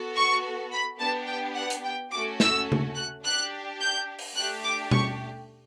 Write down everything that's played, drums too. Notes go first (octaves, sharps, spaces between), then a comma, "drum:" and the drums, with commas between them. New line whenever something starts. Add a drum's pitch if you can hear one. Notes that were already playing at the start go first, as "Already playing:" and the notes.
Already playing: B3 F#4 A4
C#6
B5
B3 D4 G4 A5
G5
F#5
drum: hi-hat
G5
A3 C#4 F#4 D6
E6, drum: snare
drum: tom C#3
F#6
D4 G4 F#6
G6
drum: open hi-hat
A3 D4 G4 F#6
D6
C#6, drum: tom B2